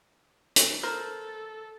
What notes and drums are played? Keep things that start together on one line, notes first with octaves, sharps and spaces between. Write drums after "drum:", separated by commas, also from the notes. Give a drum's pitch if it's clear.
drum: hi-hat
A4 A#4 C5